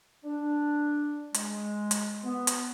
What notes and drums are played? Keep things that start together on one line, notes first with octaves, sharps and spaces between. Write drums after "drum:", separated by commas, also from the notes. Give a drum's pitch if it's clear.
D4
G#3, drum: hi-hat
drum: hi-hat
B3
drum: hi-hat